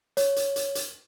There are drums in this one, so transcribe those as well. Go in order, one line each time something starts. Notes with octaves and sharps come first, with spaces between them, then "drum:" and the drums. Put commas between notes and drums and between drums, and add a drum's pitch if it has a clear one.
C#5, drum: hi-hat
drum: hi-hat
drum: hi-hat
drum: hi-hat